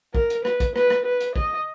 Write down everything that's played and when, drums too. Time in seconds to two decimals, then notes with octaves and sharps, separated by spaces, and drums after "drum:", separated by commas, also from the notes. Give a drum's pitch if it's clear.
0.15 A#4, drum: kick
0.30 drum: hi-hat
0.45 B4, drum: rim click
0.60 drum: kick, hi-hat
0.76 B4, drum: rim click
0.90 drum: rim click
1.06 B4
1.20 drum: hi-hat
1.36 D#5, drum: kick